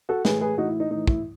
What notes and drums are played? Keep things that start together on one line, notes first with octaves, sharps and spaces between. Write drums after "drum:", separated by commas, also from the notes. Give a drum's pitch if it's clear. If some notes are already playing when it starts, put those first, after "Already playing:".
F#4 A4
A2 E3 G#4 B4, drum: snare
G#4 B4
A2 E3 D#4 F#4
E4
D#4
A2 E3 D#4
E4, drum: kick